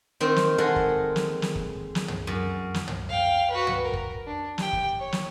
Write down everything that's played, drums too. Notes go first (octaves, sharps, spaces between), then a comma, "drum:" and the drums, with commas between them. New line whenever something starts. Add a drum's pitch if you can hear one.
D#3 C4 A#4
drum: snare
G#3 A4 A#4 F#5
drum: kick
drum: snare
drum: snare
drum: kick
drum: snare
drum: tom
F#2
drum: snare
drum: tom
F5 G5
F#4 B4
drum: tom
A#4
drum: kick
D4
G4 G5, drum: snare
drum: kick
C#5
drum: snare